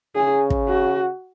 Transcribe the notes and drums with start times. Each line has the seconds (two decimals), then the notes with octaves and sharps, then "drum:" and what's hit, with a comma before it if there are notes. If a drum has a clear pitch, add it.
0.15 C#3 G#4
0.50 drum: kick
0.68 F#4